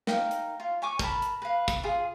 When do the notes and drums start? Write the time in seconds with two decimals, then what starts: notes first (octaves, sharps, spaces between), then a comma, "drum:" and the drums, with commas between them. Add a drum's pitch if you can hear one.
0.07 D#4 A#4 F5 G5, drum: snare
0.31 drum: hi-hat
0.60 F4
0.82 C#5 G#5 C#6 D6
0.99 A#4 A5 B5, drum: kick, hi-hat
1.22 drum: hi-hat
1.42 B4 F5
1.68 drum: kick, hi-hat
1.84 F4 G#4